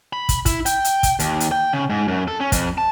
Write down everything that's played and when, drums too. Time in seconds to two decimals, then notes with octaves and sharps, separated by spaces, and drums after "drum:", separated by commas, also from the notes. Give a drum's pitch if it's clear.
0.13 B5
0.29 drum: kick, hi-hat
0.46 E4, drum: kick, hi-hat
0.66 G5, drum: hi-hat
0.85 drum: hi-hat
1.03 drum: kick, hi-hat
1.19 D#2, drum: hi-hat
1.40 drum: hi-hat
1.52 G5
1.73 C#3
1.90 G#2
2.08 F#2
2.28 A4
2.40 C#4
2.52 F2, drum: kick, hi-hat
2.78 A5